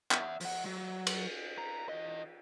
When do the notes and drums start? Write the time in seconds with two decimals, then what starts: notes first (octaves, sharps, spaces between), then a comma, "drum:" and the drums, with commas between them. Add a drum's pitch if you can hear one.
0.11 E5 F#5, drum: clap
0.40 F3 F#5, drum: open hi-hat
0.66 F#3
1.07 drum: cymbal
1.58 A#5
1.89 E3 D#5